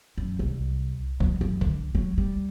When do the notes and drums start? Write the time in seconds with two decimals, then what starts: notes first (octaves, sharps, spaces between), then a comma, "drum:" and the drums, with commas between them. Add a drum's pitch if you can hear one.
0.18 F#2
0.39 C2
1.20 F#3, drum: kick C2
1.41 F#2
1.61 D3, drum: kick C2
1.95 F#3
2.18 G3